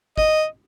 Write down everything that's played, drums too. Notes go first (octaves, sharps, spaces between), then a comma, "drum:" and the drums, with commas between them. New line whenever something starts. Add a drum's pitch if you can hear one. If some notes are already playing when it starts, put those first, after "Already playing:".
D#5, drum: kick